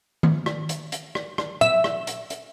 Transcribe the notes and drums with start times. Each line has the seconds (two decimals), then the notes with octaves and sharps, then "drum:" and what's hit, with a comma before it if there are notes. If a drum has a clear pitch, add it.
0.23 drum: tom D#3
0.46 drum: rim click
0.69 drum: hi-hat
0.92 drum: hi-hat
1.15 drum: rim click
1.38 drum: rim click
1.61 E5, drum: tom A#2
1.84 drum: rim click
2.07 drum: hi-hat
2.30 drum: hi-hat